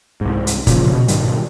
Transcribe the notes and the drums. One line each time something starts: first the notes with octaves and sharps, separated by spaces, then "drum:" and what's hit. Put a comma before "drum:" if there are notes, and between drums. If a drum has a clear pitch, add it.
C2 G#2
drum: hi-hat
A#2 C#3 F3, drum: kick E1, hi-hat
B2
G#2 B2 D#3 G3, drum: hi-hat